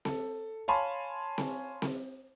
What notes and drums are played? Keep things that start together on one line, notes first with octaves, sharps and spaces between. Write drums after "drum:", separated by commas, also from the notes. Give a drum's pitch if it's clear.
A4, drum: snare C4
C#5 F5 G#5 A5 B5 C6
drum: snare C4
drum: snare C4